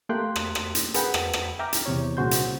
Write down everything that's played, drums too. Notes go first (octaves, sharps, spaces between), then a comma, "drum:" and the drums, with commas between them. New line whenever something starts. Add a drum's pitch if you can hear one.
A3 A#3 G4 G5 C6 F#6
drum: rim click
drum: rim click
drum: hi-hat
G#4 A#4 B4 F#5 G5, drum: hi-hat
drum: rim click
drum: rim click
E5 G5 A#5 D6 F6
drum: hi-hat
E2 C3 C#5
C2 A#2 C#3 F#4 C5 G6
drum: hi-hat